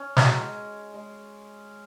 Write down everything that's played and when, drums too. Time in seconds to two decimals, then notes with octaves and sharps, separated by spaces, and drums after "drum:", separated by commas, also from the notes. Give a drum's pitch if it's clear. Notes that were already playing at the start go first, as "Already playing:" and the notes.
Already playing: C#4
0.16 F#3, drum: snare
0.24 G#3
0.94 G#3